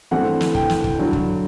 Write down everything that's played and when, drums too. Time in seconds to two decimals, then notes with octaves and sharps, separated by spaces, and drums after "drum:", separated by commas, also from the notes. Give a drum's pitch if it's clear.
0.11 G2 E3 A3 C4 F#5
0.41 drum: snare
0.55 G5, drum: kick
0.70 drum: snare
0.84 drum: kick
0.98 G2 D3 F#3
1.13 drum: kick